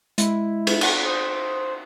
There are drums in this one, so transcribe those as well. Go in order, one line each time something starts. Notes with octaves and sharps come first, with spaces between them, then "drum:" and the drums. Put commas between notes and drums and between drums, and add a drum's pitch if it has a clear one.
G#3 E4, drum: hi-hat
drum: cymbal
drum: cymbal
C5 D#6